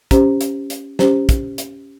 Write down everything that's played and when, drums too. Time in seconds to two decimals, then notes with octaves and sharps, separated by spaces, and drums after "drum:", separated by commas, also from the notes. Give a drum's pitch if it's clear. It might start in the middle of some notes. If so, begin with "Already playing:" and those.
0.11 C#4 G4 C5, drum: kick, hi-hat
0.41 drum: hi-hat
0.70 drum: hi-hat
0.99 C#4 G4 C5, drum: snare
1.29 drum: kick, hi-hat
1.58 drum: hi-hat